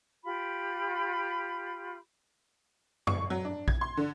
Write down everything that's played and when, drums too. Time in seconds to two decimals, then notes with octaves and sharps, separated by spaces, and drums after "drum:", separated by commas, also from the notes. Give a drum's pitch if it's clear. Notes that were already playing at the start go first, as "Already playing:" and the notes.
0.23 F4 G4 B5
3.07 C#6, drum: tom F#2
3.30 F#3
3.45 D4
3.68 G#6, drum: kick A#1
3.81 C6
3.97 D3